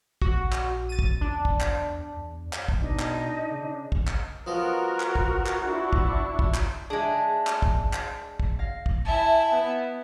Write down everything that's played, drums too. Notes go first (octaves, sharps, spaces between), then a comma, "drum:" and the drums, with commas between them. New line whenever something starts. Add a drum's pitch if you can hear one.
A#1 F#4, drum: kick
drum: clap
A6 D#7
drum: kick
E2 D4
drum: kick
drum: clap
E2
drum: clap
drum: kick
B2 D4 D#4
drum: clap
C#3
drum: kick
drum: clap
F3 B3 F#4 A#4 D#5
drum: clap
drum: kick
drum: clap
D4 E4 C#6
drum: kick
drum: kick
drum: clap
G#3 D4 G#4 E5
drum: clap
drum: kick
drum: clap
drum: kick
F5 A#6
drum: kick
E4 E5 G#5 A5
B3